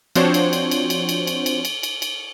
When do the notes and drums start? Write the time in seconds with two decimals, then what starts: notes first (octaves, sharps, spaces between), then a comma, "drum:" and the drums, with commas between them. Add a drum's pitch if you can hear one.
0.15 F3 C4 D4 F#4 C5 C#5, drum: cymbal
0.34 drum: cymbal
0.53 drum: cymbal
0.71 drum: cymbal
0.90 drum: cymbal
1.09 drum: cymbal
1.27 drum: cymbal
1.46 drum: cymbal
1.65 drum: cymbal
1.83 drum: cymbal
2.02 drum: cymbal